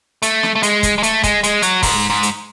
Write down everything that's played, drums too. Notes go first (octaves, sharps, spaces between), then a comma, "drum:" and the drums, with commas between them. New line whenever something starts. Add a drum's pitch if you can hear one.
A3, drum: hi-hat
drum: snare
A3
G#3, drum: hi-hat
drum: kick, hi-hat
G#3
A3, drum: hi-hat
G#3, drum: kick, hi-hat
G#3, drum: hi-hat
F#3, drum: hi-hat
G#2, drum: kick, open hi-hat
G#2
drum: hi-hat